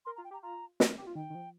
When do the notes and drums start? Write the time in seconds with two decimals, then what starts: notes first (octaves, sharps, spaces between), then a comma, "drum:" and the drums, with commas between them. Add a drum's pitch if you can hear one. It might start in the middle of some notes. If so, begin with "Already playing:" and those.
0.05 A#4 C6
0.16 F4 A#5
0.24 G5
0.31 G4 A#5
0.43 F4 A#5
0.80 G4, drum: snare
0.88 A#4
0.98 G4
1.07 F4
1.16 D#3 G5
1.30 D#3
1.35 F3